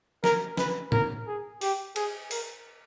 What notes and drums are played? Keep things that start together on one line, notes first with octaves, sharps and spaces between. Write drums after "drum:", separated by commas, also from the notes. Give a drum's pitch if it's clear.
A#4, drum: snare
B4, drum: snare
A#4, drum: tom A2
G#4
G4, drum: open hi-hat
G#4, drum: cymbal
A#4, drum: open hi-hat